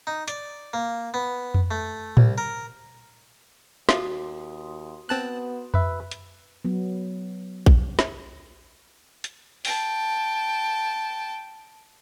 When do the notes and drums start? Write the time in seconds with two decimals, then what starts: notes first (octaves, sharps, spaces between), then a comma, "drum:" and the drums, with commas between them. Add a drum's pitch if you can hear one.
0.07 D#4
0.28 D5, drum: hi-hat
0.73 A#3
1.14 B3
1.54 drum: tom F2
1.71 A3
2.17 C2, drum: tom A2
2.38 A#4
3.89 D#2 F4 F#4 C6 D#6, drum: snare
5.09 B3 C4 A5 F#6
5.74 B4 E5, drum: tom F2
6.11 drum: hi-hat
6.65 F#3 B3
7.66 drum: kick A#1
7.99 drum: snare
9.24 drum: hi-hat
9.65 G5 A5, drum: open hi-hat